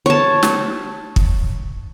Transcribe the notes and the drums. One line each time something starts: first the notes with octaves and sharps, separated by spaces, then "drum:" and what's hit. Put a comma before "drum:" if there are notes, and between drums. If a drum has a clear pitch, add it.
C#5 A5
drum: snare
drum: kick